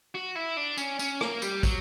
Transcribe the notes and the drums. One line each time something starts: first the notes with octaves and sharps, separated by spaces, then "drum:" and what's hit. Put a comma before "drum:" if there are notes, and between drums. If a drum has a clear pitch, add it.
F#4
E4
D4
C#4, drum: tambourine
C#4, drum: tambourine
A#3, drum: rim click
G3, drum: tambourine
F#3, drum: kick, tambourine